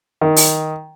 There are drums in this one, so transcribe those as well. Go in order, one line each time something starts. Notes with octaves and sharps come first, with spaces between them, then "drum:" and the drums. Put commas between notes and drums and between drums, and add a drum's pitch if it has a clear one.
D#3
drum: open hi-hat